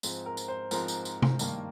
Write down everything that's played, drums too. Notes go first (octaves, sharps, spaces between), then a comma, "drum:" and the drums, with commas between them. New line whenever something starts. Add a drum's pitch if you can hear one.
G#2 F3 G#3 C4, drum: tambourine
A#4
drum: tambourine
C5
G#2 F3 G#3 C4 A#4, drum: tambourine
drum: tambourine
drum: tambourine
drum: tom C3
G2 D#3 A#3, drum: tambourine